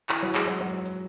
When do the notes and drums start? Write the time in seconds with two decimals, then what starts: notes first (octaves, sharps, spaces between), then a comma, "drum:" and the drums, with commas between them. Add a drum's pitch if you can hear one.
0.09 E3, drum: clap
0.23 F#3
0.35 G#3, drum: clap
0.48 F#3
0.61 F#3
0.86 drum: hi-hat